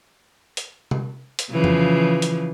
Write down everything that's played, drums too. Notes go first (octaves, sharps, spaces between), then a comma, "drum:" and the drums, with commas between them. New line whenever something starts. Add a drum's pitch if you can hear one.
drum: hi-hat
drum: tom C3
drum: hi-hat
C#3 E3 F3
drum: tom F2
drum: hi-hat